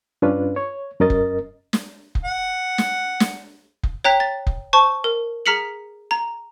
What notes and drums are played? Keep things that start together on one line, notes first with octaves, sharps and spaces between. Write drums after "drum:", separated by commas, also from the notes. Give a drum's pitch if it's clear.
G2 C#4 D4 F4 B4
C#5
F#2 C#4 A#4 D#5 A6
drum: kick F1
drum: snare
drum: kick F1
F#5
drum: snare
drum: snare
drum: kick F1
C#5 G5 A#5 F#6 B6
A6
drum: kick F1
C5 A5 C#6
A#4
G#4 A#5 F6 B6 C#7 F#7
A#5